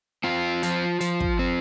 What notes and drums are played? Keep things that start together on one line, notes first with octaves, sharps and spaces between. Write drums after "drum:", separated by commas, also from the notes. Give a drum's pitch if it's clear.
C4 F4
F3, drum: hi-hat
F3, drum: hi-hat
drum: kick
C4